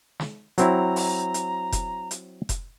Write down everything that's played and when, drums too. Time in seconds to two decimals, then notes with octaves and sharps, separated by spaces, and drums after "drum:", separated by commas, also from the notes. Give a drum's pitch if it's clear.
0.20 drum: snare
0.58 F#3 C4 E4 A#5, drum: hi-hat
0.96 drum: open hi-hat
1.34 drum: hi-hat
1.72 drum: kick F1, hi-hat
2.11 drum: hi-hat
2.49 drum: kick F1, hi-hat